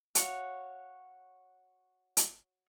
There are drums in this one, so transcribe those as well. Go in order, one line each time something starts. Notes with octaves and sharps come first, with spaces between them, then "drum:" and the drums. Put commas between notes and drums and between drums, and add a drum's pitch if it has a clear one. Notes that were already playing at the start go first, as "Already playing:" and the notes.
F#4 C#5 F5 F#5, drum: hi-hat
drum: hi-hat